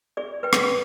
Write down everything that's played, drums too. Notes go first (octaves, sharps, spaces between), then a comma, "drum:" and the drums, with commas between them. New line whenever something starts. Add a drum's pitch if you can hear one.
G#4 D5
B4 G5
drum: rim click